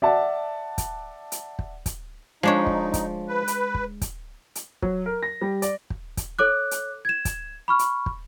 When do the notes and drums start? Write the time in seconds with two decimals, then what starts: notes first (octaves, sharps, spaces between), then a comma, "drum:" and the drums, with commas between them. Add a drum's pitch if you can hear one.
0.02 D5 E5 F#5 A5
0.78 drum: kick, hi-hat
1.32 drum: hi-hat
1.59 drum: kick
1.86 drum: kick, hi-hat
2.43 F3 G#3 D4 D#4 C#5
2.67 drum: kick
2.94 drum: kick, hi-hat
3.28 B4
3.48 drum: hi-hat
3.75 drum: kick
4.01 drum: kick, hi-hat
4.55 drum: hi-hat
4.82 F#3, drum: kick
5.06 A#4
5.23 A#6
5.41 G3
5.62 D5, drum: hi-hat
5.90 drum: kick
6.17 drum: kick, hi-hat
6.39 A4 C#5 D6 F#6
6.71 drum: hi-hat
7.05 G#6 E7
7.25 drum: kick, hi-hat
7.68 B5 C#6 F6
7.79 drum: hi-hat
8.06 drum: kick